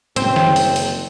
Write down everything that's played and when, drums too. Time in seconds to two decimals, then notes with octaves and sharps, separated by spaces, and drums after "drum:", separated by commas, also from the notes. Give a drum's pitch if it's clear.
0.16 F#1 C4, drum: hi-hat
0.36 drum: snare
0.56 drum: open hi-hat
0.76 drum: open hi-hat